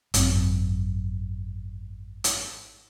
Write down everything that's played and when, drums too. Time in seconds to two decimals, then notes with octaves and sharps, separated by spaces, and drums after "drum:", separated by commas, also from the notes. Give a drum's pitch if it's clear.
0.14 G#1 F#2 C4, drum: hi-hat
2.24 drum: hi-hat